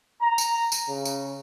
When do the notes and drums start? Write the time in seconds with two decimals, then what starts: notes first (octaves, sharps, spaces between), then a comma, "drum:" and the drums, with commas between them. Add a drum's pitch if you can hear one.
0.21 A#5
0.38 drum: tambourine
0.72 drum: tambourine
0.89 C#3
1.05 drum: tambourine